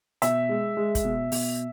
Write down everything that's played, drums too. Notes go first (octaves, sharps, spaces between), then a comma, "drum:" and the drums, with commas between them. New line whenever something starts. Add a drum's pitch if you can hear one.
B2 E5, drum: hi-hat
G#3
G#3
drum: kick, hi-hat
B2
B2, drum: open hi-hat